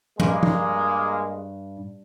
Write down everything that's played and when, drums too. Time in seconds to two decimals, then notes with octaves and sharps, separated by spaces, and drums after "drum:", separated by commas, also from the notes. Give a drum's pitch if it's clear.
0.20 G2 G#3 A#3, drum: tom F3
0.43 drum: tom F3